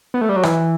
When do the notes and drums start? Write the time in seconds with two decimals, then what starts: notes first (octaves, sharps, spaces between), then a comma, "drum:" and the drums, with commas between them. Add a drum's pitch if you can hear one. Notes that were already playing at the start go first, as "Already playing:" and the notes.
0.14 B3
0.21 A3
0.29 G3
0.36 F#3
0.43 E3, drum: rim click